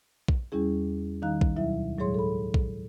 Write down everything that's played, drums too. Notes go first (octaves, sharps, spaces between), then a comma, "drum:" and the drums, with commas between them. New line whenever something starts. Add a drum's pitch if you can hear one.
drum: kick A#1
E2 G3 C#4 E4 G#4
D#3 G3 D#4 F5 A#5 F#6
drum: kick A#1
D2 B2 F#3 E4 E5
A2 F#3 G#3 G#4 C#5 C6
A4 B5
drum: kick A#1